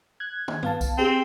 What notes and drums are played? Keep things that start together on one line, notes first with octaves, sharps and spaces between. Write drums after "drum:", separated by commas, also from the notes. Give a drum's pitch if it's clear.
F#6 G#6
drum: tom
B3 F5 A5, drum: tom G2
drum: kick, tambourine
C4 G4 G#4 G5